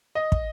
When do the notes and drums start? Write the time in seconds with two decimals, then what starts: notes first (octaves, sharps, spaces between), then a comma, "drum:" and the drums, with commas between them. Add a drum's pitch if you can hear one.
0.15 D#5
0.32 drum: kick